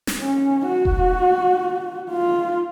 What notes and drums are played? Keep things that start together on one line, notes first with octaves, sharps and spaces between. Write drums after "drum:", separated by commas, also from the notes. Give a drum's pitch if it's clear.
drum: snare
C#4
F#4
drum: kick E1
F4